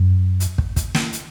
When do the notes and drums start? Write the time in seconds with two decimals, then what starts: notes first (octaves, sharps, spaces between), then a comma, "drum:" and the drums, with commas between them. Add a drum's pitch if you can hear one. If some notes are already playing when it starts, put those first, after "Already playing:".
Already playing: F#2
0.40 drum: hi-hat
0.58 drum: kick
0.76 drum: kick, hi-hat
0.94 drum: snare
1.13 drum: hi-hat